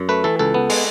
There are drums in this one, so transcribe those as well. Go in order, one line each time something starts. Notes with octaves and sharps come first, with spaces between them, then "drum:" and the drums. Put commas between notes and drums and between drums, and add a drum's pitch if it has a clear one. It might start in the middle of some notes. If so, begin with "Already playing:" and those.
Already playing: F#2
A3 B4
E3 A4
C#2 A4
B3
G#3, drum: open hi-hat